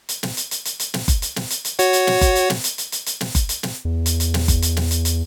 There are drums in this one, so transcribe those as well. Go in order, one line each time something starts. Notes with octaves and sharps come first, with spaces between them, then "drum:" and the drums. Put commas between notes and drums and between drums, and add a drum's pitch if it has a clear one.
drum: hi-hat
drum: snare
drum: hi-hat
drum: hi-hat
drum: hi-hat
drum: hi-hat
drum: snare
drum: kick F#1, hi-hat
drum: hi-hat
drum: snare
drum: hi-hat
drum: hi-hat
F#4 C#5 F#5, drum: hi-hat
drum: hi-hat
drum: snare
drum: kick F#1, hi-hat
drum: hi-hat
drum: snare
drum: hi-hat
drum: hi-hat
drum: hi-hat
drum: hi-hat
drum: snare
drum: kick F#1, hi-hat
drum: hi-hat
drum: snare
E2
drum: hi-hat
drum: hi-hat
drum: snare
drum: kick F#1, hi-hat
drum: hi-hat
drum: snare
drum: hi-hat
drum: hi-hat